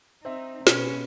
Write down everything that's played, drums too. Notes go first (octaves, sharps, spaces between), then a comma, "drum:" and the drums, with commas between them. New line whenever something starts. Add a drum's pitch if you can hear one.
C4 D#4 E5
B2 C#4 G#4 B4, drum: snare